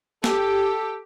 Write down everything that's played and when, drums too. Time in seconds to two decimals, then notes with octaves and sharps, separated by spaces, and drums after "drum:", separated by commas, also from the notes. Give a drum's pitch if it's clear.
0.24 G4 A4, drum: snare